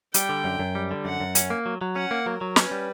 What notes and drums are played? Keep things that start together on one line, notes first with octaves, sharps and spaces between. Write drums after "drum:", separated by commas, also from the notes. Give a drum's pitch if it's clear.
G3 G5, drum: hi-hat
D3
F#2
F#2
G3
D3
F#2 F#5
F#2
C#4, drum: hi-hat
A#3
F#3
F#3
C#4 F#5
A#3
F#3 A#4
F#3
C#4 B4, drum: snare
G3